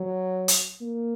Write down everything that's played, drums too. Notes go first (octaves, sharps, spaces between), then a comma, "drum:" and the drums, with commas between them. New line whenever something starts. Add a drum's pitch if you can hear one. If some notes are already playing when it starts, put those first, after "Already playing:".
Already playing: F#3
drum: hi-hat
A#3